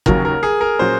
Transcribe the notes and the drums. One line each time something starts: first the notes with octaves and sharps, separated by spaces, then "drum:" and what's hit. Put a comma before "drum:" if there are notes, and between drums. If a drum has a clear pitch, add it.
D#2 C#3 F#3 A#4, drum: kick
A#4
G#4
A#4
A#2 F#3 C#4 F#4 C5